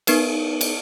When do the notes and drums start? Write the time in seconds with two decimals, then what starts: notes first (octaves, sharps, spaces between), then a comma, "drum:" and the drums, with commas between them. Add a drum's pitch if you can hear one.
0.07 B3 D#4 A#4 B4, drum: cymbal
0.61 drum: cymbal